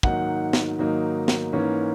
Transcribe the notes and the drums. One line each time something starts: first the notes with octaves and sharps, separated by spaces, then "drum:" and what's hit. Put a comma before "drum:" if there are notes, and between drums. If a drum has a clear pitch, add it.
G#2 D#3 F#3 A#3 D#4 F#5, drum: kick
drum: snare
G#2 D#3 F#3 A#3 D#4
drum: snare
G#2 E3 A#3 C#4